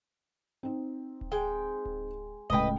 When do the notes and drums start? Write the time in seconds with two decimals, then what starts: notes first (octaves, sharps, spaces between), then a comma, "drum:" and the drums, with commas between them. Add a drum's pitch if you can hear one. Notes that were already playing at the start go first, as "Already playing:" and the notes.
0.63 C4 D#4
1.21 drum: kick D1
1.32 G#3 G5
1.85 drum: kick D1
2.50 C#2 A2 B4 D#5 G5, drum: kick D1